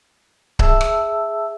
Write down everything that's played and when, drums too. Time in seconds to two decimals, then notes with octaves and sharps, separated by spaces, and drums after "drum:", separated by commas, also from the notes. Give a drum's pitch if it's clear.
0.59 G#4 E5 A5 E6, drum: kick C#1
0.81 drum: rim click